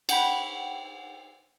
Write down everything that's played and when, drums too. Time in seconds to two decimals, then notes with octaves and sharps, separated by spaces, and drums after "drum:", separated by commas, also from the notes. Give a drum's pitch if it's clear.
0.09 F#5 G5 B5, drum: cymbal